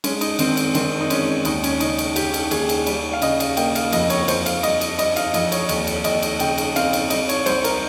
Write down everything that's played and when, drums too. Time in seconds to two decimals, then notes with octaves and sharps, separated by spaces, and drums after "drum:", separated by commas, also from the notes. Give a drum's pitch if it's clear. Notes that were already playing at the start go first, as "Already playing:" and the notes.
0.04 G#3 C#4, drum: cymbal
0.21 D#4, drum: cymbal
0.39 D#3 C4, drum: cymbal
0.57 drum: cymbal
0.74 D#3 C4, drum: cymbal
1.01 D#4
1.10 G#3 C#4, drum: cymbal
1.45 D#2 D#4, drum: cymbal
1.64 C#4, drum: cymbal
1.80 C#3 D#4, drum: cymbal
1.98 drum: cymbal
2.16 C#3 G4, drum: cymbal
2.34 drum: cymbal
2.51 D#2 G#4, drum: cymbal
2.69 drum: cymbal
2.87 G3, drum: cymbal
3.13 F5
3.22 C#3 D#5, drum: cymbal
3.40 F5, drum: cymbal
3.57 A#3 G5, drum: cymbal
3.75 F5, drum: cymbal
3.93 F2 D#5, drum: cymbal
4.10 C#5, drum: cymbal
4.23 C#5
4.28 F2 C5, drum: cymbal
4.46 F5, drum: cymbal
4.63 G3 D#5, drum: cymbal
4.81 drum: cymbal
4.99 G3 D#5, drum: cymbal
5.16 F5, drum: cymbal
5.34 F2 D#5, drum: cymbal
5.52 C#5, drum: cymbal
5.69 D#2, drum: cymbal
5.87 drum: cymbal
6.04 D#2 D#5, drum: cymbal
6.23 drum: cymbal
6.40 C#3 G5, drum: cymbal
6.58 drum: cymbal
6.76 C4 F5, drum: cymbal
6.93 drum: cymbal
7.10 G3 D#5, drum: cymbal
7.29 C#5, drum: cymbal
7.46 C2 C5, drum: cymbal
7.64 A#4, drum: cymbal